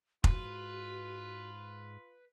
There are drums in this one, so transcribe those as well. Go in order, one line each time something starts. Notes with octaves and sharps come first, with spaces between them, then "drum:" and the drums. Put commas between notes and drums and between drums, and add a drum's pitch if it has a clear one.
G#2 F4 F#4 B4, drum: kick F1